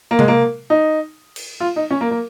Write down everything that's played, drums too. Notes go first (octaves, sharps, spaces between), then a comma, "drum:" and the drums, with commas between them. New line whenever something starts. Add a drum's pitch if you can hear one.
A#3
G#3, drum: tom C3
A#3
D#4
drum: cymbal
F4
D#4
C#4
A#3
A#3